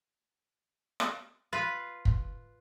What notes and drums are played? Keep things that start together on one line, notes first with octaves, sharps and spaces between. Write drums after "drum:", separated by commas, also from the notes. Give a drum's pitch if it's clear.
drum: rim click
F4 B4
drum: kick